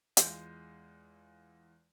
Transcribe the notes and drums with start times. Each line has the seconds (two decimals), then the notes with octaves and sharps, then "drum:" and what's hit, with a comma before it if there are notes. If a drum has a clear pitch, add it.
0.17 E2 G#3 F4 G#5 G6, drum: hi-hat